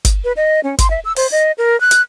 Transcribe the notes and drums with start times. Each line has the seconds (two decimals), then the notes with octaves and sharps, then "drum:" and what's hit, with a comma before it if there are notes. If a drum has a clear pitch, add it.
0.05 drum: kick, hi-hat
0.24 B4
0.36 D#5
0.63 C#4
0.79 C6, drum: kick, hi-hat
0.90 E5
1.05 E6
1.16 C5, drum: open hi-hat
1.32 D#5
1.58 A#4
1.80 F#6
1.91 drum: hi-hat